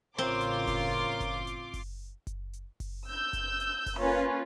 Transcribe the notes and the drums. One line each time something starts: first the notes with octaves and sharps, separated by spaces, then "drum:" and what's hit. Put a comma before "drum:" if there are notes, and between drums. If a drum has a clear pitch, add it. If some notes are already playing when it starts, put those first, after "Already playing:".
A1 C#3 C4 F4 A#4 C#5 C6 D6
drum: hi-hat
drum: kick F#1, open hi-hat
drum: kick F#1, hi-hat
drum: hi-hat
drum: kick F#1, open hi-hat
drum: kick F#1, hi-hat
drum: hi-hat
drum: kick F#1, open hi-hat
E6 G6
drum: kick F#1, hi-hat
drum: hi-hat
drum: kick F#1, open hi-hat
A#3 C#4 F4 B4